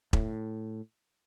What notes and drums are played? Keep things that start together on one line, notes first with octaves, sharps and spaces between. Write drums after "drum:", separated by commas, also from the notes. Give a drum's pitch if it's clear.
A2, drum: kick E1